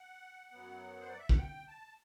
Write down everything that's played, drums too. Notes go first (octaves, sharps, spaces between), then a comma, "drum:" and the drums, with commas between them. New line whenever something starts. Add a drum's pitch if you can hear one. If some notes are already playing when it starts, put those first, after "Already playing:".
Already playing: F#5
F#2 F#3 B3
C5
D5
E5
F#5, drum: kick
G5
A5